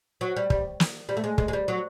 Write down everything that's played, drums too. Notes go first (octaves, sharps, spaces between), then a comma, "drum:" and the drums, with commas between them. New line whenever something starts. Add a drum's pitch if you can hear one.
F#3
G3
G3, drum: kick
drum: snare
G3
A3
G#3
G#3, drum: kick
G#3
G3
F#3